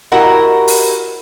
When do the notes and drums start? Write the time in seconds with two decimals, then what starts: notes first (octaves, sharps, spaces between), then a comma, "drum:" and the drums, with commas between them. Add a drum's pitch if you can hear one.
0.12 E4 F#4 G4 A#4 D#5 F#5
0.68 drum: open hi-hat